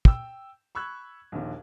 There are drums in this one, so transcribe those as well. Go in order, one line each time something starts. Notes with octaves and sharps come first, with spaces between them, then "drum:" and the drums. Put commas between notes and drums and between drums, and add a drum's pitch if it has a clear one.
G5 E6, drum: kick
B5 C#6 E6 F#6 G#6
A#1 D#2